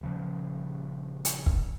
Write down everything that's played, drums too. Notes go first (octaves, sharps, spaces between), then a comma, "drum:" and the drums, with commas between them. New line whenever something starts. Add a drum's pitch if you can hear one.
D#1 C#3 F3
drum: hi-hat
drum: kick